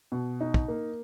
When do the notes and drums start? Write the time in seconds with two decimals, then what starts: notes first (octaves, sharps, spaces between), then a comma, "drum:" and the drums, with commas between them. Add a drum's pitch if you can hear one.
0.12 B2
0.41 D#4
0.54 drum: kick
0.68 A#3